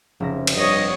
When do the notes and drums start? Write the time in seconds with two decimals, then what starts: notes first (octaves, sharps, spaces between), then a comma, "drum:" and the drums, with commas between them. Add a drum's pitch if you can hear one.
0.20 F1 C#3 E5 A#6
0.47 drum: cymbal
0.56 G2 C#5 D#5 D#6